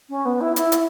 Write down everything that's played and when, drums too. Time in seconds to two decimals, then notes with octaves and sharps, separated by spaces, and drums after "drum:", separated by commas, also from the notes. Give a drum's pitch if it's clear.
0.09 C#4
0.25 B3
0.41 E4
0.56 E4, drum: hi-hat
0.72 drum: hi-hat